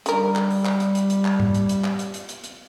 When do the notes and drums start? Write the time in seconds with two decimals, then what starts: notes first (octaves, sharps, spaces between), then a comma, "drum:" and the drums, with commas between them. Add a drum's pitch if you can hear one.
0.06 D3 G3 A#4, drum: hi-hat
0.36 drum: clap
0.50 drum: open hi-hat
0.65 drum: clap
0.80 drum: hi-hat
0.95 drum: hi-hat
1.10 drum: hi-hat
1.25 drum: clap
1.40 drum: tom G#2
1.55 drum: hi-hat
1.69 drum: hi-hat
1.84 drum: clap
1.99 drum: hi-hat
2.14 drum: hi-hat
2.29 drum: hi-hat
2.44 drum: hi-hat